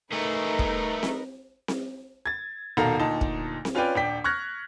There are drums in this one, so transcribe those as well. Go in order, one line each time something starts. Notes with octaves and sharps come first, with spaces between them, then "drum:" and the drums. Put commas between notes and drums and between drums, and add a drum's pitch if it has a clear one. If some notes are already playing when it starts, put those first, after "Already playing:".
A3 D#4 G#4 A#4 B4
drum: kick
drum: snare C4
drum: snare C4
G#6 A6
D#1 B2 D#3 A4 F5 A#5
D2 A#2 D#4 A5
drum: kick
drum: snare C4
C#4 F4 B4 C#5 D5 G5
D#1 D4 G5 B6
C#6 F6 F#6 G#6 A#6